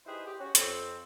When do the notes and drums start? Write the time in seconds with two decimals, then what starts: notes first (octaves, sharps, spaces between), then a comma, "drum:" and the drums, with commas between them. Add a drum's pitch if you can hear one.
0.05 D#4 E4 G4 G#4 B4 C5
0.26 G4
0.39 C#4 F#4
0.55 F2 C4, drum: hi-hat